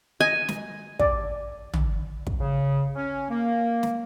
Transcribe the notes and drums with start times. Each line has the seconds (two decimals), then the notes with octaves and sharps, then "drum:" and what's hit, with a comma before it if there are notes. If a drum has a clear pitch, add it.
0.20 D#5 G#5
0.48 drum: snare
1.00 D5, drum: kick
1.74 drum: tom
2.27 drum: kick
2.40 C#3
2.96 C#4
3.30 A#3
3.83 drum: snare